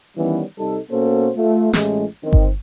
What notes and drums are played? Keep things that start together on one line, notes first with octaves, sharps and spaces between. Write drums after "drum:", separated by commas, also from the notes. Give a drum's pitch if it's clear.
D#3 E3 G3 B3 C#4
C3 G3 D#4 A4
B2 A#3 C#4 F#4 A4 C5
A3 F4
A1 G#3 A3, drum: snare
D#3 C4
drum: kick G1